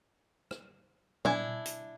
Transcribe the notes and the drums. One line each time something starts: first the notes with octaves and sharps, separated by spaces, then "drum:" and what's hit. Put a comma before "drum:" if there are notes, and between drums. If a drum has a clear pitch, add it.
drum: rim click
D4 E4 G#5, drum: tom A#2
drum: hi-hat